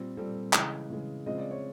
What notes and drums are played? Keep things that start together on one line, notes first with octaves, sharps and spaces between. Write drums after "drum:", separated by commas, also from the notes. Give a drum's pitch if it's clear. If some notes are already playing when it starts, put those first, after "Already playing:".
Already playing: A#2 G3 C4
A#2 G3 C4 A4
C#3 E3 G#3 D#5, drum: clap
C#3 E3 G#3
C#3 F3 G#3 C4 D#5
D5
C#5